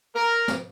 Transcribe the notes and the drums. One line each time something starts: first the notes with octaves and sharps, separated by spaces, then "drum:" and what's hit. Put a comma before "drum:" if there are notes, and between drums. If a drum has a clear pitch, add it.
A#4
drum: snare